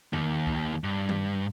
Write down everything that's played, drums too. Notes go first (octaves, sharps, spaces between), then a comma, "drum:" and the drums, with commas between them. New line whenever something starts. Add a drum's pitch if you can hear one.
D#2 D#3, drum: tom E2
drum: kick C2
G2
drum: tom D#3